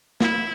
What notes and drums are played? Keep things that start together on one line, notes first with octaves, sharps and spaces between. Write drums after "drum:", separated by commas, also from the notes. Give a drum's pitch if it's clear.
E4, drum: snare